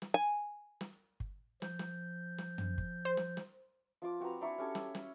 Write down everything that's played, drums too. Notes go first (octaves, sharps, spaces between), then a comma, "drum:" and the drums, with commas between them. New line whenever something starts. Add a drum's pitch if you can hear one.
drum: snare
G#5
drum: snare
drum: kick G1
F3 G6, drum: snare
drum: snare
drum: snare
drum: tom
drum: kick G1
C5
drum: snare
drum: snare
F3 F4 D6
C4 F#4 B4 A#5
D4 E4 A#5 C#6
C#4 G4 A4 C#5
G#5 E6, drum: snare
drum: snare